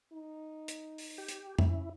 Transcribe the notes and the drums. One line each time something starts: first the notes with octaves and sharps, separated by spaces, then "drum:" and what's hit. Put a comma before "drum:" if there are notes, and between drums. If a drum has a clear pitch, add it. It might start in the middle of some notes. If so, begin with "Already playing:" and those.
D#4
drum: hi-hat
drum: open hi-hat
G4
drum: hi-hat
C#4 E4, drum: tom F2